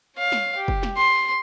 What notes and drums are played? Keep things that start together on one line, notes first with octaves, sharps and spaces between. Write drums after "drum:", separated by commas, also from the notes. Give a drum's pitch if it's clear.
C#5 F5
drum: snare
G4
drum: kick
drum: snare
C6